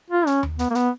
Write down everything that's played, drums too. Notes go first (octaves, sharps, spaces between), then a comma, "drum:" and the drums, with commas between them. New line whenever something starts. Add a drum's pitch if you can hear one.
F4
C#4, drum: hi-hat
drum: tom D#2
B3, drum: hi-hat
A#3
B3, drum: hi-hat